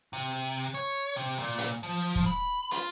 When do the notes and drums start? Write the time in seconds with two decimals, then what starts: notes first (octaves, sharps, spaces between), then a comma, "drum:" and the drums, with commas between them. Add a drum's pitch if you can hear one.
0.13 C3
0.74 C#5
1.16 C3
1.39 A#2
1.58 drum: hi-hat
1.83 F3
2.16 drum: kick
2.26 B5
2.71 F4, drum: hi-hat